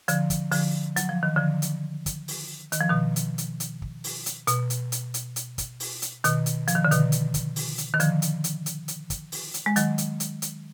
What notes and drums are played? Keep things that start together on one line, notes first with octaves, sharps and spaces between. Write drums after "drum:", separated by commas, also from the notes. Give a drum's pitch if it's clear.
D3 F3, drum: hi-hat
drum: kick, hi-hat
D3 F3, drum: open hi-hat
F#3, drum: hi-hat
F3
D#3
D3 F3
drum: hi-hat
drum: kick, hi-hat
drum: open hi-hat
D#3, drum: hi-hat
F3
B2 D#3
drum: hi-hat
drum: hi-hat
drum: hi-hat
drum: kick
drum: open hi-hat
drum: hi-hat
B2, drum: hi-hat
drum: hi-hat
drum: hi-hat
drum: hi-hat
drum: hi-hat
drum: kick, hi-hat
drum: open hi-hat
drum: hi-hat
B2 D#3, drum: hi-hat
drum: hi-hat
F3, drum: hi-hat
D#3
D3
B2 D#3, drum: hi-hat
drum: hi-hat
drum: kick, hi-hat
drum: open hi-hat
drum: hi-hat
D#3
D3 F3, drum: hi-hat
drum: hi-hat
drum: hi-hat
drum: hi-hat
drum: hi-hat
drum: kick, hi-hat
drum: open hi-hat
drum: hi-hat
G#3
D#3 F#3, drum: hi-hat
drum: hi-hat
drum: hi-hat
drum: hi-hat